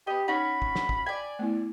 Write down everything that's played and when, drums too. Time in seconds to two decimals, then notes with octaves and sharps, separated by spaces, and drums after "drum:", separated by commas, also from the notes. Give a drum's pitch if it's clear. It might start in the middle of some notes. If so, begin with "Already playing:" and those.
0.07 B3 G4 D#5
0.28 C#4 D#4 F#4 B5
0.62 drum: kick
0.75 drum: snare
0.89 drum: kick
1.06 D5 G5 G#5
1.39 A3 B3 E4